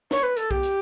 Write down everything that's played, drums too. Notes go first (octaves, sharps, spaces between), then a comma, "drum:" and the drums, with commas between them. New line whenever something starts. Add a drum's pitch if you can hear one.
C#5, drum: snare
B4
A4, drum: hi-hat
G4, drum: kick B1
drum: hi-hat